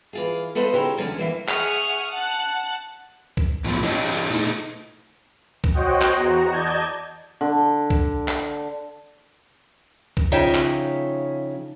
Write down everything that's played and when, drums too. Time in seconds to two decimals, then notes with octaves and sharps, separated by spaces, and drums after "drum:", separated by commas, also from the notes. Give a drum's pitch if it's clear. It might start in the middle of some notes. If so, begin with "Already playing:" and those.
0.13 E3 F4 G#4
0.55 B3 A4 B4 C5 D#5 F5
0.74 C#3 C#4 D#4 E4 G4 C5
0.97 E2 D3 F#3 C#4
1.18 E3 A#3
1.48 G#4 E5 F#5 C#6 D#6 F6, drum: clap
2.09 F#5 A5 F#6
3.37 drum: kick B1
3.64 A2 F3 B3
3.83 D4 E4 G4 C#5 D#5
4.30 A#2 A3 D#4
5.64 drum: kick B1
5.74 F#4 C5 C#5 D#5 F#5 G5
6.02 drum: clap
6.17 E2 F#4 A#5
6.52 D5 D#5 A5 G6 G#6
7.41 D3
7.90 drum: kick B1
8.28 drum: clap
10.17 drum: kick B1
10.32 C#3 F3 D#4 C#5 E5 G5
10.55 drum: clap